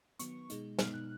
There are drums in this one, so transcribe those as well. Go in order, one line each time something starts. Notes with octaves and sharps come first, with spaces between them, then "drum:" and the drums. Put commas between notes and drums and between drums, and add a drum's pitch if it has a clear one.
D#3 F#3 B3 C#6, drum: hi-hat
B2 G#3 D#4, drum: hi-hat
B2 G#3 B3 D#4 F6, drum: snare
F#6